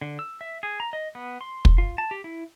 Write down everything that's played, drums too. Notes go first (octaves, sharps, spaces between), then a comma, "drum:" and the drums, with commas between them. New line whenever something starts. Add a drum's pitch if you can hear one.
D3
E6
E5
G#4
A#5
D#5
B3
C6
drum: kick
F4
A5
G4
E4